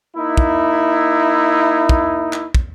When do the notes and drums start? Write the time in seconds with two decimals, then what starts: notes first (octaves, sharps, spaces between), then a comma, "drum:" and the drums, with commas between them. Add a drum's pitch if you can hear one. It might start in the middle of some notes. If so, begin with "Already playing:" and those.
0.16 A#3 D#4 E4
0.37 drum: kick
1.89 drum: kick
2.33 drum: clap
2.55 drum: kick